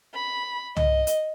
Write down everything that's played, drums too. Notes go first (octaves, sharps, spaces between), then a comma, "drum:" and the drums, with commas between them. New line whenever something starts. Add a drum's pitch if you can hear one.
B5
D#5, drum: tom
drum: hi-hat